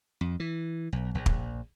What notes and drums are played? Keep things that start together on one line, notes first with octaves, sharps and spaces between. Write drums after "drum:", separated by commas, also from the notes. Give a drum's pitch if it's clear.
F2
E3
B1
A#1
drum: kick